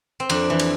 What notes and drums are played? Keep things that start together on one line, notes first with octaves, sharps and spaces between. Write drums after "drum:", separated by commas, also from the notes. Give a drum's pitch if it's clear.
C4
F2 D4, drum: cymbal
E3
drum: cymbal